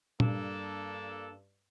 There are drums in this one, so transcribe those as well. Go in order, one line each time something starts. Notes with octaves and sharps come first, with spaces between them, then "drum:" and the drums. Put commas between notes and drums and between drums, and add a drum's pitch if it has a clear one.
G2 A#3 D4 A4, drum: tom A#2